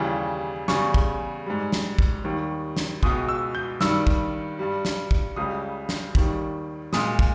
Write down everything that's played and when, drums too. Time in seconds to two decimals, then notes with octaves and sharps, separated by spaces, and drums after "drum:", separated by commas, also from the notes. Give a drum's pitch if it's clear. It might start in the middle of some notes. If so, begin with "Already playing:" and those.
Already playing: D#2 C#3 E3 G3
0.68 E2 C#3 G3 C#6, drum: snare
0.94 drum: kick
1.47 G#2 G3
1.72 drum: snare
1.98 drum: kick
2.24 D#2 D#3 G3
2.77 drum: snare
3.03 C#2 B2 G#3 D#6, drum: kick
3.29 E6
3.55 G6
3.81 G2 D#3 G3 E6, drum: snare
4.07 drum: kick
4.59 G2 G3
4.85 drum: snare
5.11 drum: kick
5.36 C#2 C#3 G3 D#6
5.89 drum: snare
6.15 D#2 D#3 G3, drum: kick
6.93 A#2 G#3 D#6, drum: snare
7.19 drum: kick